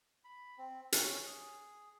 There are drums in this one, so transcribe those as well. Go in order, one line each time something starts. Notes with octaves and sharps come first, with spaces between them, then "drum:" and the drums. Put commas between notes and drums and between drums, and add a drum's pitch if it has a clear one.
B5
C4
C#4, drum: hi-hat
G#4